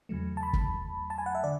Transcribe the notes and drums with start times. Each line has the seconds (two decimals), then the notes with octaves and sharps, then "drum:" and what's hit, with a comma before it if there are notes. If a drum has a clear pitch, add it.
0.09 E2 C#3 F#3 A3
0.37 A5
0.43 B5
0.53 drum: kick
1.10 A5
1.18 G#5
1.26 F#5
1.35 E5
1.44 D3 D5